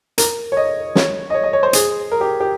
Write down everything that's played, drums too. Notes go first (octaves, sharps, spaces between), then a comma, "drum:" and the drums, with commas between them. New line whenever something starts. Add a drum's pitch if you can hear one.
A#4, drum: hi-hat
C#5
D#5
C#5, drum: snare
D#5
C#5
D#5
C#5
C5
G#4, drum: hi-hat
A#4
G4
G4